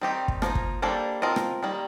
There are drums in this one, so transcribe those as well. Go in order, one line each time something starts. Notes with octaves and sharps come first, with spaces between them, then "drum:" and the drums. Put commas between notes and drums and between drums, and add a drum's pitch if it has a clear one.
D#3 G3 C4 D#4 G4
drum: kick
F3 A#3 D#4, drum: rim click
drum: kick
G3 A#3 D4 A4 C5
F3 C4 F4 A#4 D#5
drum: rim click
D#3 G3 A#3